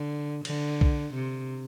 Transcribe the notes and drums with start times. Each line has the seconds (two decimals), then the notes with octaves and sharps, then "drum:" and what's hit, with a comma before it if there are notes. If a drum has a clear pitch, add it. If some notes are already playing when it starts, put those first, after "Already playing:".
Already playing: D3
0.45 D3, drum: cymbal
0.81 drum: kick B1
1.14 C3